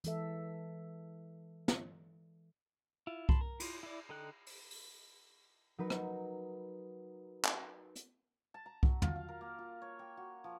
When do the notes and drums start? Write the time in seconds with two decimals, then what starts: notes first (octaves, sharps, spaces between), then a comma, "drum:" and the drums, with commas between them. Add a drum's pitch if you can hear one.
0.04 E3 G#3 A4 E5, drum: hi-hat
1.68 drum: snare
3.07 E4 F4
3.29 A5 B5 C6, drum: kick C2
3.41 A#4
3.60 E4 F4, drum: cymbal
3.83 E4 D5
4.09 D3 D#4 A4 G5 F#6
4.47 drum: open hi-hat
4.71 drum: open hi-hat
5.78 F#3 D#4 A#4 B4
5.90 drum: rim click
7.44 drum: clap
7.96 drum: hi-hat
8.54 A5
8.66 A#5
8.83 F#3, drum: kick C2
9.02 F4, drum: tom
9.16 F5
9.29 A#4
9.41 A#3
9.59 F4
9.82 C#5
9.99 G5
10.17 F#4
10.44 F3